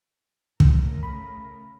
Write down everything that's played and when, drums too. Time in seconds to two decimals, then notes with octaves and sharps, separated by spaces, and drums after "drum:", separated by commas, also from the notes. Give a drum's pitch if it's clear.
0.60 C#3 A3 A#4, drum: kick
1.03 B5